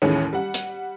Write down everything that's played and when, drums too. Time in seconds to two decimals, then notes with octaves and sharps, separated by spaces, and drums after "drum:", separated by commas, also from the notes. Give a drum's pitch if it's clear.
0.02 D#2 A2 D#3 E3 G#3 C#4
0.33 G3 F#5
0.54 drum: hi-hat